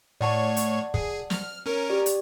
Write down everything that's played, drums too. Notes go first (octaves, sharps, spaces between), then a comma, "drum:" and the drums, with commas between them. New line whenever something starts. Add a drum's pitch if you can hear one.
A2 C#5 D5 F#5 A5
drum: hi-hat
G#4, drum: kick
F6, drum: snare
C#4 A#4
G4 D5
drum: hi-hat